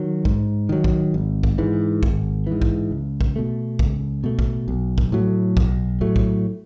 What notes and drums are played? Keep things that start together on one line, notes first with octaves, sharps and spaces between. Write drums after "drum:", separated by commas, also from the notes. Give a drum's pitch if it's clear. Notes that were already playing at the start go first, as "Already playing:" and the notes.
Already playing: D#3 F#3
G#2, drum: kick A#1
D#3 F#3
drum: kick A#1
G#1
drum: kick A#1
G#2 E3
G#1, drum: kick A#1
G#2 E3
drum: kick A#1
C#2
drum: kick A#1
B2 A3
C#2, drum: kick A#1
B2 A3
drum: kick A#1
B1
drum: kick A#1
A2 F#3 A3
B1, drum: kick A#1
A2 F#3 A3
drum: kick A#1